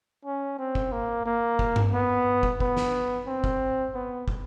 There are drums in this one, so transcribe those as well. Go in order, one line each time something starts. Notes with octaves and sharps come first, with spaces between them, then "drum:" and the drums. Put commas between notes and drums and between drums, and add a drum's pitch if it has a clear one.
C#4
C4
drum: kick
A#3
A#3
drum: kick
drum: tom G2
B3
drum: kick
B3, drum: kick
drum: snare
C4
drum: kick
B3
drum: kick